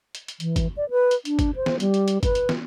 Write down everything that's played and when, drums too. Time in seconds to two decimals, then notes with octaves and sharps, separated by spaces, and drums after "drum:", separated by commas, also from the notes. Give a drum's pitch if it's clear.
0.15 drum: hi-hat
0.28 drum: hi-hat
0.40 E3, drum: hi-hat
0.56 drum: kick, hi-hat
0.77 D5
0.90 B4
1.11 drum: hi-hat
1.25 D4, drum: hi-hat
1.39 drum: kick, hi-hat
1.56 C5
1.66 drum: snare
1.80 G3, drum: hi-hat
1.94 drum: hi-hat
2.08 drum: hi-hat
2.23 B4, drum: kick, hi-hat
2.35 drum: hi-hat
2.49 drum: snare